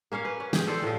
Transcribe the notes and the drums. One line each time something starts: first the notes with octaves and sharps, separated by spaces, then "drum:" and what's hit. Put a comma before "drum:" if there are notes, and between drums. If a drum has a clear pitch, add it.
A#3 C#4 C#5 F5
B4
C#4
G4 G#4, drum: snare
A4 C5 D5
A2 F3